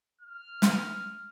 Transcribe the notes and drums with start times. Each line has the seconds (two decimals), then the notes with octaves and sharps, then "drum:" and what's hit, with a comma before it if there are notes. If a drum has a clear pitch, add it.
0.22 F6
0.62 drum: snare